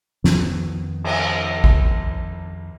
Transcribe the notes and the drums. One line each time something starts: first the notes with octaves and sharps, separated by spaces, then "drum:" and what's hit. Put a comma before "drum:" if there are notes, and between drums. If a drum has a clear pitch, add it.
F2 D#3 B3, drum: snare
drum: cymbal
drum: kick A1